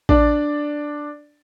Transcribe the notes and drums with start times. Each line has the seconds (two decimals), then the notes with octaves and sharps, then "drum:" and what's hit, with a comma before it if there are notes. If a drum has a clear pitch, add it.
0.09 D4 D5, drum: kick A1